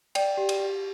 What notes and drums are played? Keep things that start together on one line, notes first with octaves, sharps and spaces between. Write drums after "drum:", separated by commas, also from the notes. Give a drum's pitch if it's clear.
D5 G5, drum: cymbal
G4
drum: cymbal
G4